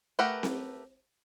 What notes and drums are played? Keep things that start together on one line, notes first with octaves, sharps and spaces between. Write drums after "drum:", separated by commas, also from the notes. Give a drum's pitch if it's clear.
A3 G4 A#4 B4 F#5
drum: snare C4